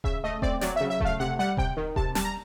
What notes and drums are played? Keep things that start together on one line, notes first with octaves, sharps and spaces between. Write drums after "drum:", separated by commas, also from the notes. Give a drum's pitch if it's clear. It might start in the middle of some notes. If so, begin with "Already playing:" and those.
C#3 E5, drum: kick D#1
A3 D#5
C4 D5, drum: kick D#1
F#3 D5, drum: snare
C#3 E5
E5
A3 F5, drum: kick D#1
C3 F#5
G3 F#5
C3 G5, drum: kick D#1
D#3
C3 A5, drum: kick D#1
G3 A5, drum: snare
A#5